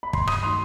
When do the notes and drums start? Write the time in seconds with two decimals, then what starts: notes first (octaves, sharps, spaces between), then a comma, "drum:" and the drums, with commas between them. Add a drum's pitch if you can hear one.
0.03 B5
0.13 G2 C6, drum: kick
0.27 D#6, drum: rim click
0.43 D#3 A3 D#4 F#4 C6